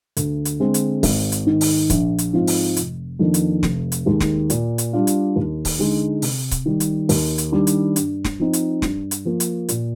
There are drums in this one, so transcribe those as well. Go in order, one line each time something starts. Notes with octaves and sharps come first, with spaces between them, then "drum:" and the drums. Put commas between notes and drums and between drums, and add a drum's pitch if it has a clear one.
D2, drum: hi-hat
drum: hi-hat
D3 G#3 C4
drum: hi-hat
G#1, drum: kick C#1, open hi-hat
drum: hi-hat
G#2 D#3
drum: open hi-hat
A#1, drum: kick C#1, hi-hat
drum: hi-hat
G#2 F3 C4 F4
drum: open hi-hat
F1, drum: hi-hat
F2 D#3 A#3 D4
drum: hi-hat
F1, drum: snare
drum: hi-hat
D#2 D#3 G#3
drum: snare
A#2, drum: hi-hat
drum: hi-hat
G3 D4 F4
drum: hi-hat
D#2
drum: kick C#1, open hi-hat
D3 G#3 D#4
C3, drum: open hi-hat
drum: kick C#1, hi-hat
D#3 G3
drum: hi-hat
D#2, drum: open hi-hat
drum: hi-hat
D#3 G3 D4
drum: hi-hat
G2, drum: hi-hat
drum: snare
F3 C4 D#4
drum: hi-hat
G2, drum: snare
drum: hi-hat
F3 A#3
drum: hi-hat
A#2, drum: hi-hat